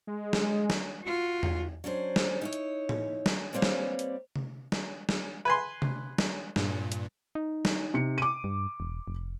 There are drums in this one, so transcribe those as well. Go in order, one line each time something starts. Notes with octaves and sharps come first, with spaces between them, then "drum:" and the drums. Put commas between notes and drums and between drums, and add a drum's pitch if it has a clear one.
G#3
drum: snare
drum: snare
F4 F#4
drum: tom E2
F#3 C#4 D4 C5
drum: snare
D#4 E4 C#5
drum: hi-hat
drum: tom A2
drum: snare
G3 A#3 C4 B4 C#5
drum: snare
drum: hi-hat
drum: tom C3
drum: snare
drum: snare
B4 G#5 C6
drum: tom C3
drum: snare
G2 A#2, drum: snare
drum: hi-hat
D#4
drum: snare
C3 C#7
D6 D#7
G2
E1
F1